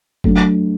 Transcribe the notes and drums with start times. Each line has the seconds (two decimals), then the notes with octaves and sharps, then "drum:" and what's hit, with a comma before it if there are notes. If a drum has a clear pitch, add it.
0.24 F#3 A3 D4 F#4, drum: kick F#1